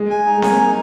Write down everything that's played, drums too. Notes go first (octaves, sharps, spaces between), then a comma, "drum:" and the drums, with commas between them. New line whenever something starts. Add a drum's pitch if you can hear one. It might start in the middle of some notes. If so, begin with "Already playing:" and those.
Already playing: G#3
G#5
D#4
G#3
A#3 G#5, drum: snare C4
D#4